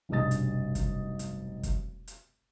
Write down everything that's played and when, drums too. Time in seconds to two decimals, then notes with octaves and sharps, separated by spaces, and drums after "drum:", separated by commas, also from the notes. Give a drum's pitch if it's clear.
0.09 F1 B1 G2 D#5 D#6 A6
0.31 drum: hi-hat
0.75 drum: kick, hi-hat
1.19 drum: hi-hat
1.63 drum: kick, hi-hat
2.07 drum: hi-hat